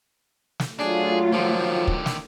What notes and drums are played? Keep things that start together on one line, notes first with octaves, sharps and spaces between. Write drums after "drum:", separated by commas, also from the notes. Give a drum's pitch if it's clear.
drum: snare
F#3 A3 D4 F4 G#4
D3 D#3 F3
drum: kick
drum: snare